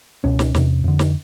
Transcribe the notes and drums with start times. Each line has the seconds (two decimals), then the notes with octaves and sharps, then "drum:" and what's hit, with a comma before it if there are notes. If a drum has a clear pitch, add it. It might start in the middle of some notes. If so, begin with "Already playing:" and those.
0.24 C#2 B2 C#4
0.39 drum: snare
0.55 E2 C3, drum: snare
0.84 F2 D3
0.99 drum: snare